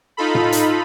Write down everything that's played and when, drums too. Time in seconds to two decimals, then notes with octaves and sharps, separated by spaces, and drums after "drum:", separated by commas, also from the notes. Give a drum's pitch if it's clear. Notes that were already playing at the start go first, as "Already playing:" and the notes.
0.17 D#4 F4 A4 B5
0.35 drum: tom A2
0.52 drum: hi-hat